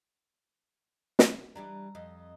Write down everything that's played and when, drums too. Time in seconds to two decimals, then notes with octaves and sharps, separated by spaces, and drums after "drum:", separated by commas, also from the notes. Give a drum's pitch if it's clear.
1.19 drum: snare
1.55 E3 G3 D4 A#5
1.95 F2 D#5